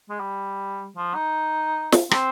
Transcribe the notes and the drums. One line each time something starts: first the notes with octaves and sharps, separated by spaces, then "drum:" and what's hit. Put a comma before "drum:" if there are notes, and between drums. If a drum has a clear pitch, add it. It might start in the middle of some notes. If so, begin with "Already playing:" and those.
G#3
G3
F3
D#4
drum: snare
C4, drum: rim click